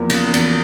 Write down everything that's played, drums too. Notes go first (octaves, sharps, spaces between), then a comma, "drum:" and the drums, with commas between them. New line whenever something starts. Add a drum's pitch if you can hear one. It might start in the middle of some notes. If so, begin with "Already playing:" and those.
Already playing: E2 F3 A#3
C#3, drum: cymbal
E2, drum: cymbal